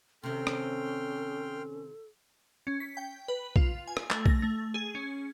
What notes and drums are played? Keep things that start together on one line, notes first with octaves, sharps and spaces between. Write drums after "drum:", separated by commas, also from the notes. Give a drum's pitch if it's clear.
C3 D#3 C#4 A4 G5 C6 F6
drum: rim click
C#4
B6
G5
B4
F4, drum: kick
G#5
drum: rim click
A3, drum: clap
A#6, drum: kick
A3
G#4
C#4